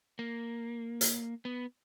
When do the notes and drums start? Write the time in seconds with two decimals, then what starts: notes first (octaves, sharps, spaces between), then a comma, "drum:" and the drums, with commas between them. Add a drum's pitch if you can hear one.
0.19 A#3
1.01 drum: hi-hat
1.45 B3